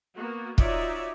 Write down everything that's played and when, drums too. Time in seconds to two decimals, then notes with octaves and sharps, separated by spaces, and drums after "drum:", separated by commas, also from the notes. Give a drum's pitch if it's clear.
0.16 A#3 B3 F#4
0.58 D#4 F4 F#4 C#5 D5 E5, drum: kick